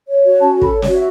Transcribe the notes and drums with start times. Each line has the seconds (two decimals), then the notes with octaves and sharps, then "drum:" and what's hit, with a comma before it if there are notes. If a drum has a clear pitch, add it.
0.09 C#5
0.25 F#4
0.40 C#4 A5
0.56 A4
0.62 B5, drum: kick
0.72 C#5
0.82 D5, drum: snare
0.88 F#4
0.95 E5